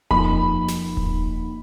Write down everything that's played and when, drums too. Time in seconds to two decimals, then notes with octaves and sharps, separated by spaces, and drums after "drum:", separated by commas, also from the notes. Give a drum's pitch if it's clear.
0.11 F2 F3 A#3 D#4 B5, drum: kick D#1
0.68 drum: snare
0.97 drum: kick D#1